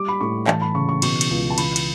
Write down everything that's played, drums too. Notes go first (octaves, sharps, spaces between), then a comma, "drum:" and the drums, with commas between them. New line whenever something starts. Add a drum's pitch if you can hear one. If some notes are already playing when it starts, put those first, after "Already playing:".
Already playing: G3 D6
B5
A2 C#6
E3 A5, drum: clap
B5
C#3 C#6
C#6
B2 C#6, drum: cymbal
drum: cymbal
C#2
A5
E3 B5, drum: cymbal
drum: cymbal